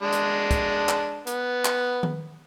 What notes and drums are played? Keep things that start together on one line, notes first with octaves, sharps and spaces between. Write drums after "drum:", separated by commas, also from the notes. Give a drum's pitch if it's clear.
G#3 D4
drum: hi-hat
drum: kick, hi-hat
drum: clap
B3, drum: hi-hat
drum: clap
drum: tom D#3